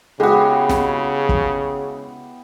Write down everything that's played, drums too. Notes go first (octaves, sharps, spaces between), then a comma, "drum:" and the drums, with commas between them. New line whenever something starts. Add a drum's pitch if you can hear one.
C#3 G#3 B3 E4 F#4 G4
drum: snare
drum: kick